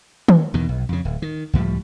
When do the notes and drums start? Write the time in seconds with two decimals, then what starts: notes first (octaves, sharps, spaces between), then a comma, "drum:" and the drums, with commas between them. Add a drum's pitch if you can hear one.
0.28 drum: tom D#3
0.54 E2 B2 D#3
0.69 B1
0.89 F2 C#3
1.05 D1
1.22 D#3
1.53 C#2 A2 F3 G3